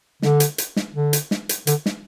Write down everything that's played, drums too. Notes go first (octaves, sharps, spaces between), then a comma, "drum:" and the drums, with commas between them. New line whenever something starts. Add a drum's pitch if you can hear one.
D3, drum: snare
drum: hi-hat
drum: hi-hat
drum: snare
D3
drum: hi-hat
drum: snare
drum: hi-hat
D3, drum: hi-hat
drum: snare